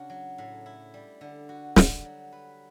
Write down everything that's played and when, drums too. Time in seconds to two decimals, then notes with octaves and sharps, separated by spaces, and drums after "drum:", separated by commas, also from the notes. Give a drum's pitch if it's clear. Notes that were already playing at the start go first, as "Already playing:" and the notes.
Already playing: C#3 D4 F#4
0.10 F#3
0.38 A2
0.66 E4
0.94 G3
1.21 D3
1.49 F#4
1.76 G3, drum: snare
2.05 F#3
2.32 B4